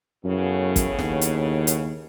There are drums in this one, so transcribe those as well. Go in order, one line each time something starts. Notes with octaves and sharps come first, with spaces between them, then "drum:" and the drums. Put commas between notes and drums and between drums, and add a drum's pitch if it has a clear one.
F#2 A2 C#3 B3
drum: kick, hi-hat
D#2, drum: snare
drum: hi-hat
drum: hi-hat